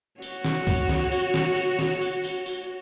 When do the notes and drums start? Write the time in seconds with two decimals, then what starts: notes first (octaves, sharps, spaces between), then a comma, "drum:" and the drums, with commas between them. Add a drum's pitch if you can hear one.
0.22 F#4 C#5, drum: tambourine
0.45 drum: snare
0.67 drum: kick, tambourine
0.89 drum: snare
1.12 drum: tambourine
1.34 drum: snare
1.56 drum: tambourine
1.79 drum: snare
2.01 drum: tambourine
2.24 drum: tambourine
2.46 drum: tambourine